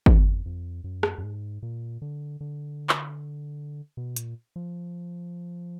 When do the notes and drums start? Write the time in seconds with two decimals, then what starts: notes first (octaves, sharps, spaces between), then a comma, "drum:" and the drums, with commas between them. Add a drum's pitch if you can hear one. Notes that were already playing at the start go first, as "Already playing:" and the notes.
0.06 F2, drum: kick G1
0.45 F2
0.84 F#2
1.03 drum: rim click
1.18 F#2
1.23 G#2
1.62 A#2
2.02 D3
2.41 D3
2.89 drum: clap
3.97 B2
4.16 A#2, drum: hi-hat
4.56 F3